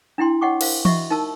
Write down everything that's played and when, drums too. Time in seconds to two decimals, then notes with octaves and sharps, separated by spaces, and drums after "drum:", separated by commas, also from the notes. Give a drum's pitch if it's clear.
0.18 D4 E4 G5 C6
0.41 C#5 D#5 F#5 G5 C#6 D6
0.61 A#4 C5 F5, drum: cymbal
0.85 F#4 D#5 E5 C#6, drum: tom E3
1.10 D#4 A#4 A5 E6